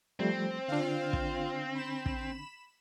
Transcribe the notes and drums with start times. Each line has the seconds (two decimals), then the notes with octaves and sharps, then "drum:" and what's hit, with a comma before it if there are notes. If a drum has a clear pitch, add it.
0.20 F3 G3 A3 C4
0.68 D3 D4 F4 F5
1.13 drum: kick
1.75 B5 E7
2.06 drum: kick